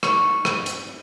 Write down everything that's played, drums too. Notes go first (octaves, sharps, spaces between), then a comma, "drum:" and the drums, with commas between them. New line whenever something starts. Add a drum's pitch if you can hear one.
C#6, drum: rim click
drum: rim click
drum: hi-hat